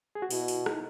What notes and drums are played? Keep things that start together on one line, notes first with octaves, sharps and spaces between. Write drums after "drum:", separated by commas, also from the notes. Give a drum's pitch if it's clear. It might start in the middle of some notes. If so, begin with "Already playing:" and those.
G#4
F#4
B2 E4, drum: open hi-hat
drum: open hi-hat
D#4, drum: rim click